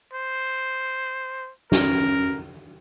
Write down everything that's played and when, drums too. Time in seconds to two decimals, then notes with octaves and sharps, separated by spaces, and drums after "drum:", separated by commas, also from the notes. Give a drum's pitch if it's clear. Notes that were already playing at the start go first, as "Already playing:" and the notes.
0.13 C5
1.72 C#4 A#4, drum: snare